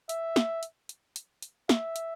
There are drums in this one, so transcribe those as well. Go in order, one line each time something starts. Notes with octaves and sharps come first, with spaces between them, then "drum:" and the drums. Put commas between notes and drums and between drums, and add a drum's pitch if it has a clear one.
E5, drum: hi-hat
drum: snare
drum: hi-hat
drum: hi-hat
drum: hi-hat
drum: hi-hat
E5, drum: snare
drum: hi-hat